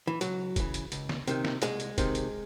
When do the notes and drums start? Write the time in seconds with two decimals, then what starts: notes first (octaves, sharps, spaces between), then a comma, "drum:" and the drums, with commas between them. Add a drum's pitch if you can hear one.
0.07 E3
0.21 C#2 F#3, drum: hi-hat
0.56 C#3 E3, drum: kick, hi-hat
0.74 drum: hi-hat
0.92 C#2, drum: hi-hat
1.09 drum: snare
1.28 C3 D#3, drum: hi-hat
1.45 drum: snare
1.62 C2 G#3, drum: hi-hat
1.80 drum: hi-hat
1.98 C3 D#3, drum: kick, hi-hat
2.15 drum: hi-hat